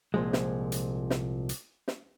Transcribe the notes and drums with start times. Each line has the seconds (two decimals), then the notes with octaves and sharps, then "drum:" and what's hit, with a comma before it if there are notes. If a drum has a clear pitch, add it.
0.14 C2 A#2 F3 G#3
0.33 drum: snare
0.72 drum: hi-hat
1.10 drum: snare
1.49 drum: hi-hat
1.88 drum: snare